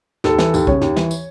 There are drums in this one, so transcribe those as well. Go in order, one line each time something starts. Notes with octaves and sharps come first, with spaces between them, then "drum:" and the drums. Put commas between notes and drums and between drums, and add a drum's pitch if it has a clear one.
D#2 A4, drum: snare
E3, drum: snare
D#2, drum: tambourine
C#3 C#5, drum: kick
D#2, drum: snare
E3, drum: snare
drum: tambourine